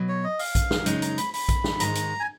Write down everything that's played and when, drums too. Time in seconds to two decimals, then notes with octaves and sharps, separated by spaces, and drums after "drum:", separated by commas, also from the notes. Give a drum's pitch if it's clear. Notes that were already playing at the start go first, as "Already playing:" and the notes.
Already playing: B2 F#3
0.08 C#5
0.24 D#5
0.39 F5, drum: open hi-hat
0.55 drum: kick A#1, hi-hat
0.71 drum: snare
0.86 F#2 C#3 G#3 D#4, drum: hi-hat
1.02 A#5, drum: hi-hat
1.18 B5, drum: hi-hat
1.34 B5, drum: open hi-hat
1.49 drum: kick A#1, hi-hat
1.64 drum: snare
1.80 G#2 D#3 G#3 A#5, drum: hi-hat
1.95 drum: hi-hat
2.20 G#5